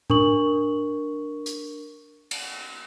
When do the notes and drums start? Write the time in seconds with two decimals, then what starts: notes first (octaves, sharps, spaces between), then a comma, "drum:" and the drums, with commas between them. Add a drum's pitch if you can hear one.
0.10 D4 A#4 C#6 F#7, drum: tom A2
1.46 drum: hi-hat
2.31 drum: cymbal